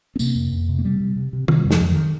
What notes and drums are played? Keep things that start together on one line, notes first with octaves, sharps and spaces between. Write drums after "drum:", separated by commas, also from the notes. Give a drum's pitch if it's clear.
C4
C3 A#3, drum: tambourine
F2
F2
C3
A#3
C3 G3
C3
C3
C3
C3 D#3, drum: tom
G3
F2
F3, drum: snare
F2
D#3